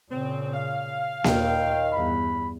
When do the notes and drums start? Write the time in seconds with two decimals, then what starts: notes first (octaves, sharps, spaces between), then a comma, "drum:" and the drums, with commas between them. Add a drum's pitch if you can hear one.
0.11 A#2 C#3 C4
0.54 F5
1.24 D#2 A#2 D#3 G5, drum: snare A#3
1.93 E2 G2 B5